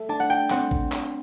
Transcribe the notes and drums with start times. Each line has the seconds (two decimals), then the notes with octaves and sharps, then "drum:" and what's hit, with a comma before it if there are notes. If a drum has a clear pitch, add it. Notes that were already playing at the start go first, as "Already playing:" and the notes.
Already playing: A3
0.09 D4 A5
0.20 F#5
0.30 G5
0.51 C4 F#5, drum: clap
0.71 drum: kick G#1
0.92 drum: clap